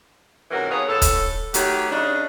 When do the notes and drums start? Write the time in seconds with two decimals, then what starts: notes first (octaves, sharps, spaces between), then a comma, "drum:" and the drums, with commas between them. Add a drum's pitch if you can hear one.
0.51 G#2 C3 E3 C#4 F#4 A#4
0.70 D#3 F3 B3 G#4 C#5
0.88 A2 A4
1.02 drum: kick, hi-hat
1.54 D#3 F#3 A3 G4, drum: hi-hat
1.91 C#3 D4 D#4